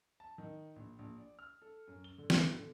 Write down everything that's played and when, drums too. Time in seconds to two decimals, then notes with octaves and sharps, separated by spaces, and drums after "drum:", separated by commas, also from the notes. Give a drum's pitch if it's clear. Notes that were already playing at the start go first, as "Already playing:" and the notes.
0.20 A5
0.38 D#3
0.76 A#1
0.99 A#1
1.18 D5
1.39 F6
1.62 A4
1.88 F#2
2.04 G7
2.18 D3
2.30 drum: snare
2.54 D3